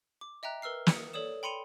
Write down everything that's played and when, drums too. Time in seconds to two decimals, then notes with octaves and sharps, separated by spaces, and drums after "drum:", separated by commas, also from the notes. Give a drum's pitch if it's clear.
0.21 D6
0.43 D#5 E5 G5 A#5 F#6
0.62 A#4 B4 E6 F6 C7
0.87 D#6 C#7, drum: snare
1.13 A4 C#5 D5 D#6 E7
1.43 G5 B5 C6 C#7 D#7 F7